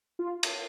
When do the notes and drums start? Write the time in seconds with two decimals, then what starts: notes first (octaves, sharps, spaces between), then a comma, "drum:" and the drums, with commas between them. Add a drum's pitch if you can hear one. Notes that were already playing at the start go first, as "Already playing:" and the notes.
0.19 F4
0.43 drum: cymbal